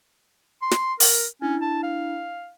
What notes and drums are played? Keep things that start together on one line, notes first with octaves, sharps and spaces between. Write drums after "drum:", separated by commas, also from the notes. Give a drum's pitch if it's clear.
C6
drum: snare
A#4, drum: open hi-hat
C#4 D4 E4
A5
F5